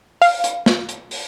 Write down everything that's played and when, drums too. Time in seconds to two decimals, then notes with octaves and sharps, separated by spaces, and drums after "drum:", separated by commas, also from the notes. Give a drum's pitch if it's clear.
0.22 F5, drum: open hi-hat
0.44 drum: hi-hat
0.66 drum: snare
0.89 drum: hi-hat
1.11 drum: open hi-hat